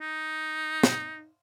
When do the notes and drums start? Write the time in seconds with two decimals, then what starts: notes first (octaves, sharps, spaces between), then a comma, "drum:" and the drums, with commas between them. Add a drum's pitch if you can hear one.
0.01 D#4
0.83 drum: snare